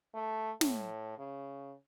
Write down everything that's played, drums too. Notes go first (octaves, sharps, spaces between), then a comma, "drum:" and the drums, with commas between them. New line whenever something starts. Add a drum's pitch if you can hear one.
A3
A2, drum: snare
C#3